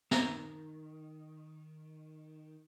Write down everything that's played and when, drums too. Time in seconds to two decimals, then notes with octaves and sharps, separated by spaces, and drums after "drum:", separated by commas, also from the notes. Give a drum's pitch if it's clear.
0.11 D#3 A#5, drum: snare